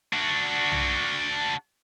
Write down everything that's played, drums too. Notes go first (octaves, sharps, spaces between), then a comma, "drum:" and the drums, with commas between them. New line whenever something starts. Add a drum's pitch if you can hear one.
D4 F#4
drum: tom B1